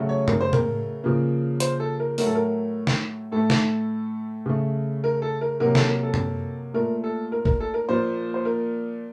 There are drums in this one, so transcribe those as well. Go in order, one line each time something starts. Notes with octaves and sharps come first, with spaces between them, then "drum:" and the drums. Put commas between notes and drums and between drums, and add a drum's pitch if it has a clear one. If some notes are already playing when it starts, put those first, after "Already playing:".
Already playing: C#3 F#3 A3
C#5
A#4, drum: tom F#2
C5
A#4, drum: tom A2
C#3 F3 A#3
C5, drum: hi-hat
A4
A#4
A2 F#3 A3 A#4, drum: open hi-hat
A4
A#4
drum: snare
A2 A3 A4
drum: snare
C#3 A3
A#4
A4
A#4
C3 F#3 A#3 A#4
A4, drum: snare
A#4
A4
drum: tom F#2
A#2 A3 A#4
A4
A#4
A#4, drum: kick
A4
A#4
A#2 F3 A#3 C5
C5
A#4